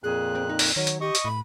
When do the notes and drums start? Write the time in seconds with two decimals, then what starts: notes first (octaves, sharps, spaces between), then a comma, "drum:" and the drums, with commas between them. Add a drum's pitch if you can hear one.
0.04 F2 A#2 G#4 F#6
0.35 C4
0.49 D#4
0.59 drum: open hi-hat
0.76 D#3 F#3 C#5
0.87 drum: hi-hat
1.01 G4 D#5 C#6 D#6
1.15 drum: hi-hat
1.25 A2 B5